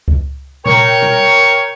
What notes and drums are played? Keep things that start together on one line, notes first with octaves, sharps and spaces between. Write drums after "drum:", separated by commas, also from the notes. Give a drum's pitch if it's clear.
drum: kick C#2
A#4 C#5 G5, drum: tom A#2
drum: tom B2